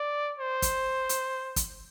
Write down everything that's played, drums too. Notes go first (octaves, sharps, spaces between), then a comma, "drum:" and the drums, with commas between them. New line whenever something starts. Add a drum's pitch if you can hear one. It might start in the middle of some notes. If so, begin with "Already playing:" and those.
Already playing: D5
C5
drum: kick, hi-hat
drum: hi-hat
drum: kick, hi-hat